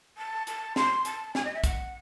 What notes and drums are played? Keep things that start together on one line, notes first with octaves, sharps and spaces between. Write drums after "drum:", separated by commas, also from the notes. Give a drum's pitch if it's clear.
A5
A5, drum: hi-hat
C6, drum: snare
A5, drum: hi-hat
G#5, drum: snare
D#5
E5
F#5, drum: kick, hi-hat